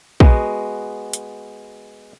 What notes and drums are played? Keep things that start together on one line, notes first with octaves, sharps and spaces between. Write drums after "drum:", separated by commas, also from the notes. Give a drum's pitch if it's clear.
G#3 B3 F#4, drum: kick
drum: hi-hat